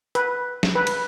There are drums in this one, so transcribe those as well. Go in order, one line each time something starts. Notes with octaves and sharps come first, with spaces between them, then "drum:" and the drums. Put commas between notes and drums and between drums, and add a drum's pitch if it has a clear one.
B4, drum: hi-hat
drum: snare
B4
drum: cymbal